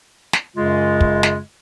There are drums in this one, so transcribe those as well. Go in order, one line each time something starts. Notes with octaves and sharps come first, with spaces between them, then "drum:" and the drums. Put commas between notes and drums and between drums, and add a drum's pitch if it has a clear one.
drum: snare
F#2 C#3 G#3 F4
drum: kick
drum: snare